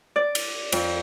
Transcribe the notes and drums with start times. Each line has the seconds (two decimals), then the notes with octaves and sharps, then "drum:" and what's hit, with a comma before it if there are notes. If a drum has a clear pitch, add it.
0.16 D5
0.35 drum: cymbal
0.72 F2, drum: cymbal